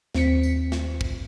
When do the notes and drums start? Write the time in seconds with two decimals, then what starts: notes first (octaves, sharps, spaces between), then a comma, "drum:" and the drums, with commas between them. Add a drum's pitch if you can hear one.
0.14 D#2 C4 B6 C#7, drum: snare
0.43 drum: tambourine
0.72 drum: snare
1.01 drum: kick